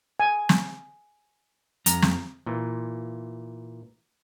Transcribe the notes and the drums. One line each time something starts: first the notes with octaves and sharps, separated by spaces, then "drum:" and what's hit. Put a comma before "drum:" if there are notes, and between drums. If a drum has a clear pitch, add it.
G#5
drum: snare
F2 A#5, drum: hi-hat
drum: snare
A#2 E3